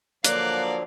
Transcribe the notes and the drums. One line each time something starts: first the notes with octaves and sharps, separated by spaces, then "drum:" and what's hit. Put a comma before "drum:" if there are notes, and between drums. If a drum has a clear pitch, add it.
D3 F3 F#3 A#3 D5 F5 F#6, drum: hi-hat